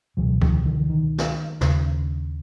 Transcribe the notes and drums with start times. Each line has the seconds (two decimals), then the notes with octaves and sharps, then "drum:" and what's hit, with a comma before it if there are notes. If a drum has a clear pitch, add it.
0.17 C#2 B2 E3 F#3
0.42 D#3 F3, drum: kick C#2
0.65 D3 E3
0.90 D#3
1.18 drum: snare
1.61 D#2 C#3, drum: snare